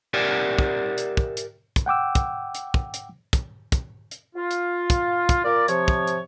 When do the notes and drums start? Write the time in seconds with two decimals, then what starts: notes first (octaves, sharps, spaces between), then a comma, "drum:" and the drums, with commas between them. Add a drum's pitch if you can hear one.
0.14 G4 A#4 D5 E5 F#5 G#5
0.59 drum: kick
0.98 drum: hi-hat
1.17 drum: kick
1.37 drum: hi-hat
1.76 drum: kick, hi-hat
1.86 F#5 G5 D6 E6
2.15 drum: kick, hi-hat
2.55 drum: hi-hat
2.74 drum: kick
2.94 drum: hi-hat
3.33 drum: kick, hi-hat
3.72 drum: kick, hi-hat
4.11 drum: hi-hat
4.35 F4
4.51 drum: hi-hat
4.90 drum: kick, hi-hat
5.29 drum: kick, hi-hat
5.44 A#2 F4 A#4 D5
5.68 C3 F3 C#5, drum: hi-hat
5.88 drum: kick
6.07 drum: hi-hat